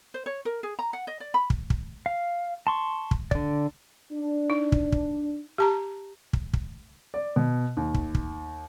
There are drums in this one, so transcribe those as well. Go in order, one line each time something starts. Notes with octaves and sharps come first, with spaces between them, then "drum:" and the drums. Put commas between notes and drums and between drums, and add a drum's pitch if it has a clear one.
C5
C#5
A#4
G#4
A#5
F#5
D#5
D5
B5
drum: kick
drum: kick
F5
A5 C6 C#6
drum: kick
D3 D5, drum: kick
D4
D#4
drum: kick
drum: kick
G4 A5 A#5
drum: kick
drum: kick
D5
B2
D#2
drum: kick
drum: kick